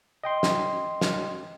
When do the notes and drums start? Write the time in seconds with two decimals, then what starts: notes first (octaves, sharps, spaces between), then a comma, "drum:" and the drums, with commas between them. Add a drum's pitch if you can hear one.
0.24 D#5 G5 C6
0.43 drum: snare
1.01 drum: snare